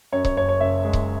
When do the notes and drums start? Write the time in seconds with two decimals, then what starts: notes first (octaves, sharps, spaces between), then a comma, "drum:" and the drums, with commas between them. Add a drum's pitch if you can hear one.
0.12 F#2 C#5
0.25 C#5, drum: kick C#1
0.37 F#1 C#5
0.49 C#5
0.60 F#1 E5
0.84 G#3
0.93 drum: kick C#1